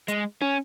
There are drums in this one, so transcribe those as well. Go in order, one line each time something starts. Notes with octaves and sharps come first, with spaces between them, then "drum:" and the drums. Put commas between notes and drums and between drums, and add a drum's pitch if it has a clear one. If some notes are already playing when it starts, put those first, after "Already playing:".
G#3, drum: hi-hat
C#4, drum: tom